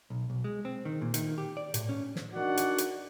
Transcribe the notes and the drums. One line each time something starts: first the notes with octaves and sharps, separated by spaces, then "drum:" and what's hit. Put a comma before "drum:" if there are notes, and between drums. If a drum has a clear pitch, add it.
B1
B1
G#3
C4
D#3
A#2
D#3, drum: hi-hat
G4
D5
A2, drum: hi-hat
C#4
drum: snare
D4 D#4 F#4 A#4 D5 F#5
drum: hi-hat
drum: hi-hat